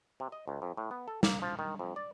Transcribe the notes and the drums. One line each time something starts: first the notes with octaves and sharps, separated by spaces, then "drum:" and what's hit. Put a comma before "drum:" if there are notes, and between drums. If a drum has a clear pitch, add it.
C3
D#5
C#2
F2
A2
B3
A4
A#3, drum: snare
F3
D#3
F2
D5